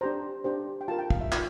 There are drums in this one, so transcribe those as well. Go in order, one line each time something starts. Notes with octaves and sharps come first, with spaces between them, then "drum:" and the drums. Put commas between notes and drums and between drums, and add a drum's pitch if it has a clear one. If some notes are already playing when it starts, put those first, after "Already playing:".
D4 G4 C5 A#5
D4 G4 C5
G5
F4 A#4 A5
G5
F5, drum: kick
E5
F4, drum: clap